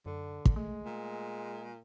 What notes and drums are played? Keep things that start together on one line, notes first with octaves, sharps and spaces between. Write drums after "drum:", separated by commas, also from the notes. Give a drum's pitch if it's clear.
F#2 D3
drum: kick
G#3 A3
A#2